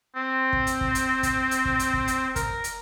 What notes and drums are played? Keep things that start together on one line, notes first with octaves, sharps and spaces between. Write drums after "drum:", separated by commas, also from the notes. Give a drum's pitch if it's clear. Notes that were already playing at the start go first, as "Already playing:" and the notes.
C4
drum: kick
drum: hi-hat
drum: kick
drum: hi-hat
drum: kick, hi-hat
drum: hi-hat
drum: kick
drum: hi-hat
drum: kick
drum: hi-hat
A#4, drum: kick, hi-hat
drum: hi-hat